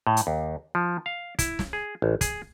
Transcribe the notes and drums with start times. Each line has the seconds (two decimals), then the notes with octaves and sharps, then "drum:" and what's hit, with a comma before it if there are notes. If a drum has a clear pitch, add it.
0.07 A2
0.17 drum: hi-hat
0.27 D#2
0.75 F3
1.06 F5
1.39 E4, drum: kick, hi-hat
1.59 drum: snare
1.73 G#4
2.02 A1
2.21 G#4, drum: kick, hi-hat